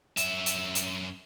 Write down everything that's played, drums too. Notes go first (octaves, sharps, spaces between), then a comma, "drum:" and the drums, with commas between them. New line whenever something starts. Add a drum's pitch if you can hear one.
F#2 E5, drum: hi-hat
drum: hi-hat
drum: hi-hat